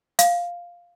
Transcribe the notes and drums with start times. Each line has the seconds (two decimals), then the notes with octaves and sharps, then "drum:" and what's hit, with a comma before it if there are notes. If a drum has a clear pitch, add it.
0.19 F5, drum: hi-hat